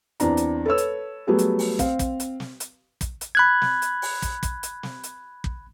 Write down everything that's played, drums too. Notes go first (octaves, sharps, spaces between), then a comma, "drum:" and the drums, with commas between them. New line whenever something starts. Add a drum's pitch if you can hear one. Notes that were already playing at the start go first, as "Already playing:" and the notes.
E2 C4 D4 A#5, drum: hi-hat
drum: hi-hat
A4 B4 C#5 E6
drum: hi-hat
F#3 G3 A3 B3 G#4
drum: hi-hat
drum: open hi-hat
C4 F5, drum: kick, hi-hat
drum: kick, hi-hat
drum: hi-hat
drum: snare
drum: hi-hat
drum: kick, hi-hat
drum: hi-hat
B5 F#6 G#6
drum: snare
drum: hi-hat
drum: open hi-hat
drum: kick, hi-hat
drum: kick, hi-hat
drum: hi-hat
drum: snare
drum: hi-hat
drum: kick